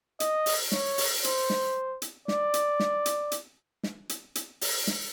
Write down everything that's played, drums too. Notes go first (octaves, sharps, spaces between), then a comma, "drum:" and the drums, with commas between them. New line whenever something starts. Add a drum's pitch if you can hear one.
D#5, drum: hi-hat
drum: open hi-hat
C#5, drum: snare
drum: open hi-hat
C5, drum: hi-hat
drum: snare
drum: hi-hat
D5, drum: snare
drum: hi-hat
drum: snare
drum: hi-hat
drum: hi-hat
drum: snare
drum: hi-hat
drum: hi-hat
drum: open hi-hat
drum: snare